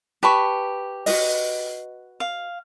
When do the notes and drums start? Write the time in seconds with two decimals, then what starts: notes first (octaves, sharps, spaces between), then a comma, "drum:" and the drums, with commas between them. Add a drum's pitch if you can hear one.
0.23 G4 B4 A5 B5 C#6
1.06 F#4 B4 D#5, drum: open hi-hat
2.20 F5